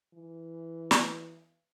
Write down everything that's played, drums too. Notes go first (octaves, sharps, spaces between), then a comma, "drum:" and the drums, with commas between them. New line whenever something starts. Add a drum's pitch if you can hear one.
E3
drum: snare